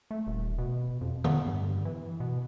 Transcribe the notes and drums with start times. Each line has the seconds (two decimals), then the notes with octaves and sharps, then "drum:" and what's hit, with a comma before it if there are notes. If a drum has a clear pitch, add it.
0.11 A3
0.27 D#1
0.58 B2
1.01 F2
1.24 B3, drum: tom D3
1.47 G2
1.85 E3
2.20 B2